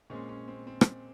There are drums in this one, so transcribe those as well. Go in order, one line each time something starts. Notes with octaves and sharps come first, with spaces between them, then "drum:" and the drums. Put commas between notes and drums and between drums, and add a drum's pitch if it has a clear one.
A#2 G#3 C4 C#4
C#4
C4
C4
drum: rim click